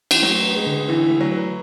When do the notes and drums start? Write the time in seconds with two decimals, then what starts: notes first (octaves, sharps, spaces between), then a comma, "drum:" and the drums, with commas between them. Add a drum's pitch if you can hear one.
0.11 E3, drum: cymbal
0.22 F#3 A3
0.45 B4
0.55 G#3
0.66 D3
0.89 E3 E4
1.10 A3
1.21 F#3
1.32 B4